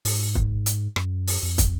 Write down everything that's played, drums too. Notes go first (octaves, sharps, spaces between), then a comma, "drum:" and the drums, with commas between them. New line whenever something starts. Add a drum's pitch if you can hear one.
G#2, drum: open hi-hat
drum: kick
drum: hi-hat
F#2, drum: rim click
drum: open hi-hat
F2
drum: kick, hi-hat